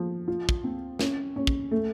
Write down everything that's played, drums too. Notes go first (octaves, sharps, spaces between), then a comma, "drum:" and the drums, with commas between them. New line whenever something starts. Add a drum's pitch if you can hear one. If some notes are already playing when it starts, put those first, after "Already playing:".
Already playing: F3
F4
drum: kick
C4
C#4, drum: snare
C#4
drum: kick
A3